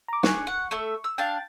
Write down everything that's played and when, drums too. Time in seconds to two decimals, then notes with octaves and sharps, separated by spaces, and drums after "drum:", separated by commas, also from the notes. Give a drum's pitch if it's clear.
0.08 A#5 D6
0.23 D4 G#4 C#6, drum: snare
0.47 F#5
0.71 A3 E5 E6
1.04 E6
1.18 D4 F5 G5 A6